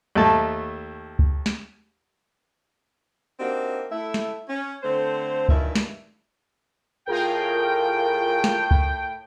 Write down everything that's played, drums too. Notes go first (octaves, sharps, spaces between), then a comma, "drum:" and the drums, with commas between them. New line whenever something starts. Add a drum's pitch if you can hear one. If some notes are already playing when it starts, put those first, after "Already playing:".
D#2 A3 A5
drum: kick C#2
drum: snare
A#3 C4 D4 D#4 F#4 G4
A3 E4 E5
drum: snare
C#4
D3 A3 C4 C5
G2 A#2 D#3 E3 E5, drum: kick C#2
drum: snare
A2 F4 G#4 A#4 G5
drum: snare
drum: kick C#2